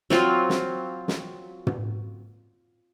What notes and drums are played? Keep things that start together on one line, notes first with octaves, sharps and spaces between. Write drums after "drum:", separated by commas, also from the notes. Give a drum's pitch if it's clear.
F#3 C4 F4, drum: snare
drum: snare
drum: snare
drum: tom